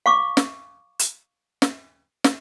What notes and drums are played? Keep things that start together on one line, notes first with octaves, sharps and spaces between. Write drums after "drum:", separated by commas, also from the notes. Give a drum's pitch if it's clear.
F5 C#6 D6
drum: snare
drum: hi-hat
drum: snare
drum: snare